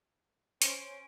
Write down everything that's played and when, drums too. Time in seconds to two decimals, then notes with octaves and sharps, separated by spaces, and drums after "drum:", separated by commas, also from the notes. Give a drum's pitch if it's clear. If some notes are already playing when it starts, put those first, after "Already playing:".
0.62 C#4 C5 C6 D7, drum: hi-hat